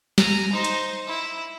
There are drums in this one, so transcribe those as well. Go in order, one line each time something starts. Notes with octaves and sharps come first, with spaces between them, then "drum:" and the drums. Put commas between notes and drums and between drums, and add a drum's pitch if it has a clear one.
G#5 A#5, drum: snare
D#4 C5
drum: hi-hat
E4